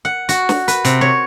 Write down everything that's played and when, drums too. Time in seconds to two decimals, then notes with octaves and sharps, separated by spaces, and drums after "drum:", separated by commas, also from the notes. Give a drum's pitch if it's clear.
0.05 F#5
0.29 F#4, drum: hi-hat
0.49 drum: snare
0.68 B4, drum: hi-hat
0.85 C3, drum: hi-hat
1.01 C#5